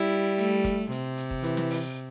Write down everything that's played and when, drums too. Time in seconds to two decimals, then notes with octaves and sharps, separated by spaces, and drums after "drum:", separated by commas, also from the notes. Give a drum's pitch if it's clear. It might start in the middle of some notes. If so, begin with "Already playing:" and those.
Already playing: G3 E4
0.38 A3, drum: hi-hat
0.64 drum: kick G1, hi-hat
0.91 C3, drum: hi-hat
1.17 drum: hi-hat
1.31 drum: kick G1
1.43 E3, drum: hi-hat
1.57 drum: snare
1.70 drum: open hi-hat